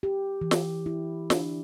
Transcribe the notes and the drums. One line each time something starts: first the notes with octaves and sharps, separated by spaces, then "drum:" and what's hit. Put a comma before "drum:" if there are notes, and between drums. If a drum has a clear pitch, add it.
G4
E3
drum: snare
E4
D4, drum: snare